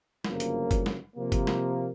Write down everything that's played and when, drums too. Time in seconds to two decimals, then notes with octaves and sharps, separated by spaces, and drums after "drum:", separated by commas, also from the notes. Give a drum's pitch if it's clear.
0.24 G1 F#2 C#3 F3 A#3, drum: snare
0.40 drum: hi-hat
0.71 drum: kick G1, hi-hat
0.86 drum: snare
1.16 C3 F3 A#3
1.32 drum: kick G1, hi-hat
1.47 drum: snare